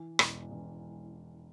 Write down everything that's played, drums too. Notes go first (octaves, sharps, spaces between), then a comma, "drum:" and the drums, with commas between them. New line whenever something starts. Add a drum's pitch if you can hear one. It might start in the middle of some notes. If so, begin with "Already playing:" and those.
Already playing: E3
E1, drum: rim click
E1